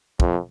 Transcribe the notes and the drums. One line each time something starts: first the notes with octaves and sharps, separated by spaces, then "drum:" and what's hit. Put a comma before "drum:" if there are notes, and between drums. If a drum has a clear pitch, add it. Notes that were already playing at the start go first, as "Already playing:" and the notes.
F2, drum: kick